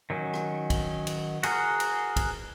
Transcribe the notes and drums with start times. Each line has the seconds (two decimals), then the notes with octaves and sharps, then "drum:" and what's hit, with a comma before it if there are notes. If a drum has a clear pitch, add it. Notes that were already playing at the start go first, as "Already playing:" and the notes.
0.10 D#3 F#3 C#4
0.34 drum: rim click
0.70 drum: kick, cymbal
1.07 drum: cymbal
1.43 F#4 G#4 A#4 F#5, drum: cymbal
1.80 drum: cymbal
2.16 drum: kick, cymbal